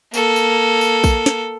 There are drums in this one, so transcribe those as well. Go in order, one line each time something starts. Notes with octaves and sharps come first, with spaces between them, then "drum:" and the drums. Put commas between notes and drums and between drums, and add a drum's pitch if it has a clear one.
A#3 A4, drum: tambourine
drum: tambourine
drum: tambourine
drum: kick A#1, tambourine
drum: snare